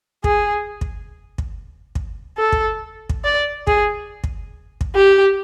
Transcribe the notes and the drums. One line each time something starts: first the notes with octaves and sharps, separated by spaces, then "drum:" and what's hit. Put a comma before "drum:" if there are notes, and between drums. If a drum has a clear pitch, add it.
G#4, drum: kick
drum: kick
drum: kick
drum: kick
A4
drum: kick
drum: kick
D5
G#4, drum: kick
drum: kick
drum: kick
G4